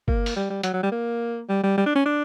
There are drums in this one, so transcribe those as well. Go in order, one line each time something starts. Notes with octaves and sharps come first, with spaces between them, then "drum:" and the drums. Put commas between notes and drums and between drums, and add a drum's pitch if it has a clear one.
A#3, drum: kick G1
drum: open hi-hat
G3
G3
F#3, drum: hi-hat
F#3
G3
A#3
G3
G3
G3
D4
C#4
D4